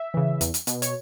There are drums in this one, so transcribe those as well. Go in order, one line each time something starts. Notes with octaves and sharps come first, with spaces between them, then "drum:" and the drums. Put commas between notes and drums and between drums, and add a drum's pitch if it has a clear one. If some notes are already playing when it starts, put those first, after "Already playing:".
Already playing: E5
C#3 E3
E2, drum: hi-hat
drum: hi-hat
B2, drum: hi-hat
C#5, drum: hi-hat